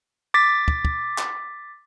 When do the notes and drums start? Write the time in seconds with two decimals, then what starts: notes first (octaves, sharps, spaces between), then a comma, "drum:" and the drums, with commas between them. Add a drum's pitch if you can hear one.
0.34 D6 A6 B6
0.68 drum: kick
0.85 drum: kick
1.18 drum: clap